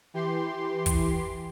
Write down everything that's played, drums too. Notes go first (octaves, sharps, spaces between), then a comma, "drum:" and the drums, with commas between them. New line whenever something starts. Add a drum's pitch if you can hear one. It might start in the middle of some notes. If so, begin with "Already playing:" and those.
E3 G4 C6
drum: kick, hi-hat